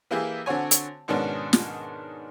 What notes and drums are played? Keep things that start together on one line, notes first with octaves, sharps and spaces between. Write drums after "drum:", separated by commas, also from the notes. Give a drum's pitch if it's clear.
E3 A#3 E4 G4 G#4
D3 C4 F#4 C#5 G#5
drum: hi-hat
G#2 B2 D#3 B3 C#4 D4
drum: snare